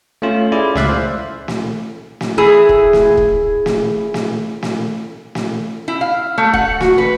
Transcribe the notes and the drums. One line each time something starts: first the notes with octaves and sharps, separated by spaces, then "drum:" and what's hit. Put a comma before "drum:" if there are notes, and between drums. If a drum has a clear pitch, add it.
A3 C#4 F4
C#4 E4 G#4 D5
C#2 D5 E5 F5 F#6, drum: snare
C5
drum: snare
drum: snare
E4 G#4
drum: kick
drum: snare
drum: kick
drum: snare
drum: snare
drum: snare
drum: snare
E4
F5
A3
F#5, drum: kick
F#4, drum: snare
B4